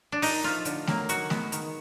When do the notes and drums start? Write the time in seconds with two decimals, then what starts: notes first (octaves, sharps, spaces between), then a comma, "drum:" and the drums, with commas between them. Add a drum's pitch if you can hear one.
0.12 D4
0.22 A#2 D#4, drum: open hi-hat
0.44 F3 A3 F4
0.65 D3, drum: hi-hat
0.87 F#3 A#3, drum: snare A3
1.09 D#3 F#4, drum: hi-hat
1.30 G#3 B3, drum: snare A3
1.52 D#3, drum: hi-hat